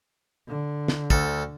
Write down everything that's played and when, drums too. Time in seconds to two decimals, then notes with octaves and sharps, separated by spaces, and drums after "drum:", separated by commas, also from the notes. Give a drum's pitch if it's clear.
0.49 D3
0.88 drum: snare
1.10 D2 A4, drum: kick